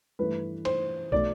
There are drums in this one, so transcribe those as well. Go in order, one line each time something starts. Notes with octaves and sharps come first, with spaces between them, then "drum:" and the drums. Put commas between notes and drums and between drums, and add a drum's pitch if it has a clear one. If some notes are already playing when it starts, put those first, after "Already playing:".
G2 E3 A3 B4
C5, drum: cymbal
B2 A3 D5, drum: kick